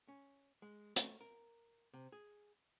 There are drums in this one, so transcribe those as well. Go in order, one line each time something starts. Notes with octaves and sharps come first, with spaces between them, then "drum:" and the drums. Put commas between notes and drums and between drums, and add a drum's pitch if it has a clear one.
C#4
G#3
A3, drum: hi-hat
A#4
C3
G#4